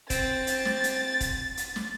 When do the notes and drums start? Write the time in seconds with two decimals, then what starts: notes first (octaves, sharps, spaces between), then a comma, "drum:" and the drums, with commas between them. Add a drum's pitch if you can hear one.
0.10 C4 A6, drum: kick E1, hi-hat
0.47 drum: hi-hat
0.65 drum: snare
0.84 drum: hi-hat
1.21 drum: kick E1, hi-hat
1.57 drum: hi-hat
1.76 drum: snare